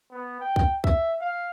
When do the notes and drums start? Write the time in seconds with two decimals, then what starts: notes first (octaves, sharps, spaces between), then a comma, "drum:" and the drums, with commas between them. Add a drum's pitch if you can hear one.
0.11 B3
0.40 G5
0.56 drum: kick
0.84 E5, drum: kick
1.21 F5